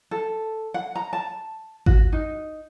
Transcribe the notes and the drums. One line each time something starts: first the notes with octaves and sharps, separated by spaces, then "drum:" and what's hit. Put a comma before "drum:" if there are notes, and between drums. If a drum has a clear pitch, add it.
A4
F#5
A#5
A5
F#4, drum: kick G#1
D#4